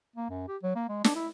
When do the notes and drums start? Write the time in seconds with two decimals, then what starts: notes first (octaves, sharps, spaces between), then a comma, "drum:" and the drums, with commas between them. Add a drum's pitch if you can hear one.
0.16 A#3
0.30 F#2
0.48 G4
0.62 F#3
0.75 A#3
0.89 G#3
1.04 D4, drum: snare
1.16 E4